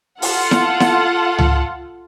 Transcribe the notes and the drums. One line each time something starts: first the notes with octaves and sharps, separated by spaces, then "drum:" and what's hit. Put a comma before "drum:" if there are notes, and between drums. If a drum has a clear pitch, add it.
F4 A4 F#5, drum: open hi-hat
drum: snare E4
drum: snare E4
drum: tom C#2